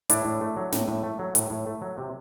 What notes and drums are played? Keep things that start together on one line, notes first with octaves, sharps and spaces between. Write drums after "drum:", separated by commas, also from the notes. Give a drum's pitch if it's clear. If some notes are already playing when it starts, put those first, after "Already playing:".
A2 D4 E4, drum: hi-hat
A2
A3
F#3
A2, drum: snare
A2
A3
F#3
A2, drum: hi-hat
A2
A3
F#3
C3